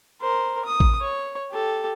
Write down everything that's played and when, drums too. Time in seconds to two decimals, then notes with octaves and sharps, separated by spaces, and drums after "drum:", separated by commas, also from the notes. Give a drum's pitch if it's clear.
0.21 A#4 C5
0.65 D#6
0.80 drum: kick A1
1.01 C#5
1.51 G4 A4